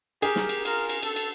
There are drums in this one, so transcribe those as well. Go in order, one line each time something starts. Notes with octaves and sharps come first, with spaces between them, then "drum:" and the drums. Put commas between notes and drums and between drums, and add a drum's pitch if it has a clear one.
G4 G#4 A#4, drum: cymbal
drum: snare
drum: cymbal
F4 A#4, drum: cymbal
drum: cymbal
A4, drum: cymbal
drum: cymbal